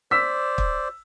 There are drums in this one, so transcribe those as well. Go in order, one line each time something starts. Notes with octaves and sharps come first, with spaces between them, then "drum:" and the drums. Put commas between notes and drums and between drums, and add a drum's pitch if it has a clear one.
C5 D5 E6 B6
drum: kick